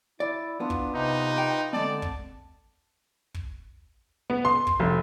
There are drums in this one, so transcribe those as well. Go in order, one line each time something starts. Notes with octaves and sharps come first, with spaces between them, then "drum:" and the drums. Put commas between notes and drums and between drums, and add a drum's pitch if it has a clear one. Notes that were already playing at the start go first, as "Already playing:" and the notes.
E4 D5
B3 D4 F4
drum: kick
C3 D#4 F4 G4 B4
G5
D3 G#3 C4 D5 A5
drum: kick
drum: kick
B3
C6
drum: kick
F1